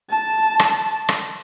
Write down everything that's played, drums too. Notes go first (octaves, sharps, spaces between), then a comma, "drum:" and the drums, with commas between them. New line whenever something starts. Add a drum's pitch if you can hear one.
A5
drum: rim click
drum: rim click